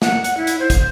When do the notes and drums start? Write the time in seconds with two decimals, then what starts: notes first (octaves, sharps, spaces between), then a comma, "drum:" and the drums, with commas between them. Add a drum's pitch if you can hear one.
0.02 F#5, drum: snare
0.24 drum: hi-hat
0.37 E4
0.47 drum: hi-hat
0.60 C5
0.70 drum: kick, hi-hat